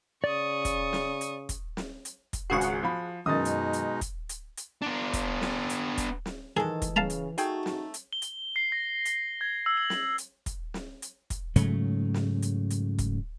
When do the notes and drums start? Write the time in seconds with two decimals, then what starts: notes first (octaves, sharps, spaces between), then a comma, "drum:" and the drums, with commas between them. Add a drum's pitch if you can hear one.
0.24 C#3 D5 C#6 D#6
0.65 drum: kick, hi-hat
0.93 drum: snare
1.21 drum: hi-hat
1.49 drum: kick, hi-hat
1.77 drum: snare
2.05 drum: hi-hat
2.33 drum: kick, hi-hat
2.50 G#1 C#2 F#4 G#4 F#5 C7
2.61 drum: hi-hat
2.83 F3 B5
3.26 F#2 B2 D#3 G#3 D#4 D#6 A6
3.45 drum: hi-hat
3.73 drum: hi-hat
4.01 drum: kick, hi-hat
4.29 drum: hi-hat
4.57 drum: hi-hat
4.82 B3 D4
5.13 drum: kick, hi-hat
5.41 drum: snare
5.69 drum: hi-hat
5.98 drum: kick, hi-hat
6.26 drum: snare
6.57 D#3 E3 G#3 G#4 A4
6.82 drum: kick, hi-hat
6.96 C#3 F5 A5 A#5
7.10 drum: hi-hat
7.38 A3 D#4 F#4 G#4 G5, drum: hi-hat
7.66 drum: snare
7.94 drum: hi-hat
8.13 G7
8.22 drum: hi-hat
8.56 C7
8.72 A#6
9.05 G7, drum: hi-hat
9.41 G#6
9.66 E6
9.77 F#7
9.90 drum: snare
10.18 drum: hi-hat
10.46 drum: kick, hi-hat
10.74 drum: snare
11.02 drum: hi-hat
11.30 drum: kick, hi-hat
11.56 G#2 C#3 F#3 A3, drum: hi-hat
12.14 drum: snare
12.42 drum: hi-hat
12.70 drum: hi-hat
12.98 drum: kick, hi-hat